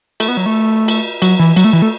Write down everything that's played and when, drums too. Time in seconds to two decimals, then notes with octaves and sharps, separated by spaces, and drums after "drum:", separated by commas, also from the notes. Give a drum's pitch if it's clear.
0.20 A3, drum: cymbal
0.28 B3
0.37 F#3
0.46 A3
0.88 drum: cymbal
1.22 F#3, drum: cymbal
1.39 E3
1.56 F#3, drum: cymbal
1.64 A3
1.73 E3
1.82 A3